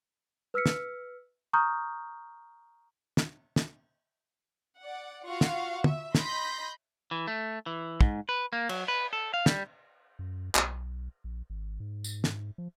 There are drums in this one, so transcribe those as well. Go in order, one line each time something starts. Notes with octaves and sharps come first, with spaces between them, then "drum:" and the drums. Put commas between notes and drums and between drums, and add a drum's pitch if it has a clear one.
B4 E6 F6 B6 C#7
drum: snare
A#5 C#6 D#6 F6 G6
drum: snare
drum: snare
D5 F#5
F4 F#4 F5 F#5 C#6
drum: snare
E5, drum: tom
D#5 B5 C6 G6 A#6 B6, drum: snare
E3
A3
E3
G#2, drum: kick
B4
A#3
F#3, drum: cymbal
B4
A4
F5
G3, drum: snare
F#2
B1, drum: clap
A#1
G#1
G#2
drum: tambourine
drum: snare
F3